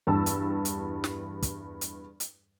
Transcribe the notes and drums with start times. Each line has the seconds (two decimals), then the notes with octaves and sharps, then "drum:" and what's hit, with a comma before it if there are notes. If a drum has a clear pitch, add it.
0.07 E2 G2 E3 G4 A5 E6
0.26 drum: hi-hat
0.65 drum: hi-hat
1.04 drum: snare
1.42 drum: kick, hi-hat
1.81 drum: hi-hat
2.20 drum: hi-hat